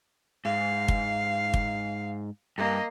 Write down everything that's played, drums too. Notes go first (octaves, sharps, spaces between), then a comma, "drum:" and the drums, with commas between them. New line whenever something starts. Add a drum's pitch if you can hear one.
G#2 F5
drum: kick
drum: kick
G2 A#3 D#5